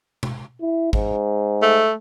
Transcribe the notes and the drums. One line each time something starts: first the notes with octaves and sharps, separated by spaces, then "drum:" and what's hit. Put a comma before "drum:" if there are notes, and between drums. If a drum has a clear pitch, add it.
drum: tom
E4
G#2, drum: kick G#1
A3